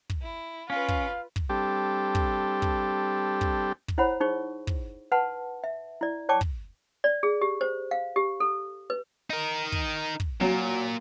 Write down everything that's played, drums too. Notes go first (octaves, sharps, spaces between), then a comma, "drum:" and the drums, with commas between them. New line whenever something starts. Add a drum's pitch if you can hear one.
drum: kick
E4
C#4 F4 B4 F5
drum: kick
drum: kick
G3 C4 D4 G4 A4
drum: kick
drum: kick
drum: kick
drum: kick
E4 C5 C#5 F#5 B5
D#4 G#4 C5 C#6
drum: kick
B4 F#5 A5 C6
E5
E4 D5
C#5 D5 G5 A5 C#6 D6
drum: kick
D5
G#4
G4
C5
F5
G4
A4
B4
D#4 A#4
drum: kick
drum: kick
A#2 F#3